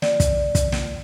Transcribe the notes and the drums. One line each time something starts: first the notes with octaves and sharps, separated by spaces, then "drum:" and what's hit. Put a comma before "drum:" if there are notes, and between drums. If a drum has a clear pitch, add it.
D5, drum: snare
drum: kick, hi-hat
drum: kick, hi-hat
drum: snare